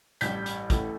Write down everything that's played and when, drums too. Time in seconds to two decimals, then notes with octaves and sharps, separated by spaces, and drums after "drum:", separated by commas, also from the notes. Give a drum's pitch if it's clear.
0.21 A1 G2 G3 G6 B6, drum: hi-hat
0.46 drum: hi-hat
0.70 A1 A2 E3 A3, drum: kick, hi-hat